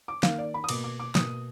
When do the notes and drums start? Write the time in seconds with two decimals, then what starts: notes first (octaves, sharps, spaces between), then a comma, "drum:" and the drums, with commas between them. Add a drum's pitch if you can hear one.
0.08 D6
0.23 D#3 A#3 F5, drum: snare
0.38 D5
0.54 B5
0.64 D#6
0.69 B2 A#3 D6, drum: cymbal
0.84 D6
1.00 D6
1.15 B2 A#3 D#6, drum: snare